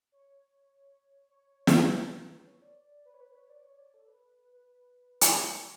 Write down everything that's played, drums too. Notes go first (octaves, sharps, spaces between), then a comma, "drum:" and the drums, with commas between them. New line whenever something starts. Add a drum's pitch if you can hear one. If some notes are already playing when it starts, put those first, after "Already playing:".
C#5
C#5
drum: snare
B4
C#5
D5
B4
C#5
B4
C#5
D5
C#5
D5
A4
B4
B4
drum: hi-hat